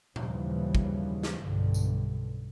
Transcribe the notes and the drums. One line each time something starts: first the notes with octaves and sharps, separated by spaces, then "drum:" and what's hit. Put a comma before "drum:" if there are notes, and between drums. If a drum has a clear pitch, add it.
D#2 C#3 E3 F3 G3, drum: tom A#2
drum: kick
drum: snare
B1 G2 D3
drum: tambourine